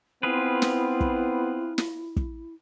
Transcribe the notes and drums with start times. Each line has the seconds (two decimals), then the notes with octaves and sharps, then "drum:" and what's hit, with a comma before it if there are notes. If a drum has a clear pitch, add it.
0.23 B3 C4 E4 F4 G#4 B4
0.62 drum: snare
1.01 drum: kick
1.78 drum: snare
2.16 drum: kick